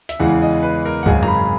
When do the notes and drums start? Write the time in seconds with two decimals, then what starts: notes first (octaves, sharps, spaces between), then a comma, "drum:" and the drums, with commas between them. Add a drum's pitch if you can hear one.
0.09 E5, drum: hi-hat
0.19 E2 C#3 E3 G#3 F#5
0.42 D#5
0.63 B4
0.86 A#4
1.03 F#5
1.06 G#1 F#2 C#3 G#3 G#5, drum: kick
1.23 A#5, drum: tom E2
1.28 B5